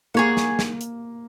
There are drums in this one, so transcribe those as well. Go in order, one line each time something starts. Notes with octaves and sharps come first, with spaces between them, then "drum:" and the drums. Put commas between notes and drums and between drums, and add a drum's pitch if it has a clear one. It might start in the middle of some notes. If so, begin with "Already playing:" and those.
A#3 G#4 C#5 F#5
drum: snare
drum: snare
drum: hi-hat